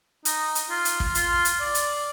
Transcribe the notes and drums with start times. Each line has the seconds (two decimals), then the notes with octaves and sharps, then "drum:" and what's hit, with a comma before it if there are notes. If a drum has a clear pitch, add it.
0.25 D#4, drum: hi-hat
0.55 drum: hi-hat
0.70 F4
0.85 drum: hi-hat
1.00 drum: kick
1.15 F4, drum: hi-hat
1.45 drum: hi-hat
1.60 D5
1.75 drum: hi-hat